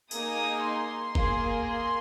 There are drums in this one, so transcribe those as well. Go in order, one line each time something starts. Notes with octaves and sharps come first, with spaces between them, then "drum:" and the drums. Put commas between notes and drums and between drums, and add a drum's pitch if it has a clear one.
A#3 D#4 G#4 D#6, drum: tambourine
C6
A#3 G#4, drum: kick
C6